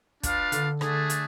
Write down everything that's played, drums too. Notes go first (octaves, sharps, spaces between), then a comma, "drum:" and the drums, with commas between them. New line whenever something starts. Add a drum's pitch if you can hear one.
D4 F4 B4 F5, drum: kick, hi-hat
D3, drum: hi-hat
D3 A3 D4 G#4, drum: rim click
drum: hi-hat